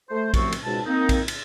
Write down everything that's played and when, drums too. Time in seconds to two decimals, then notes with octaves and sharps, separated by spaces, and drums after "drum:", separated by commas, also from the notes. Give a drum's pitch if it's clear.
0.10 A3 C5
0.34 C2 F#2 F3 A3 C4 C#6, drum: kick A#1, cymbal
0.52 drum: cymbal
0.64 C#2 G#2 B2 G#3 A5
0.86 A#3 C4 D#4
1.09 drum: kick A#1, cymbal
1.28 drum: cymbal